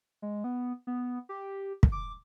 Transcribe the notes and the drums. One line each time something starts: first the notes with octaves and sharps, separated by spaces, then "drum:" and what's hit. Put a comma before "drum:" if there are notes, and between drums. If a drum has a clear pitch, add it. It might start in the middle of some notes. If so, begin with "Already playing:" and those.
G#3
B3
B3
G4
drum: kick
D6